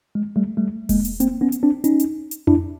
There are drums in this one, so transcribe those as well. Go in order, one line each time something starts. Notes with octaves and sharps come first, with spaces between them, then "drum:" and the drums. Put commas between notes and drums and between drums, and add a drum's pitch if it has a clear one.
G#3
G3 A3
G3 A3
G#3 A#3, drum: kick E1, open hi-hat
drum: hi-hat
A#3 C4, drum: hi-hat
B3 C#4
drum: hi-hat
C4 D4
C#4 D#4, drum: hi-hat
drum: hi-hat
drum: hi-hat
D4 E4, drum: tom F2